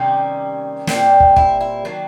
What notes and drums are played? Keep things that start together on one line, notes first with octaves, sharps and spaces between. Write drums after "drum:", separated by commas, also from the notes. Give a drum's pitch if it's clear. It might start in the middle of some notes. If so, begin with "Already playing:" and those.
Already playing: C3 D#3 G3 A#3 C#4
A#2 G3 C4 D4, drum: snare
drum: kick
E4, drum: kick
E4
D#3 F#3 A#3 D4